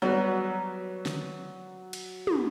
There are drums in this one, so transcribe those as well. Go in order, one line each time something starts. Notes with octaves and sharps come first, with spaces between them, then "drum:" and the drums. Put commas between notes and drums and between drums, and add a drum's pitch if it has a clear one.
F#3 G3 B3 F#4
drum: snare
drum: cymbal
drum: tom